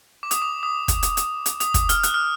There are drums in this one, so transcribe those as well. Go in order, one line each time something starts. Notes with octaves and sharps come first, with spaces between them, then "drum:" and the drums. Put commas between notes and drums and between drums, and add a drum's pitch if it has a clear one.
D6
D#6, drum: hi-hat
D6
D#6
drum: kick, hi-hat
drum: hi-hat
drum: hi-hat
drum: hi-hat
D#6, drum: hi-hat
D#6, drum: kick, hi-hat
F6, drum: hi-hat
F#6, drum: hi-hat
F6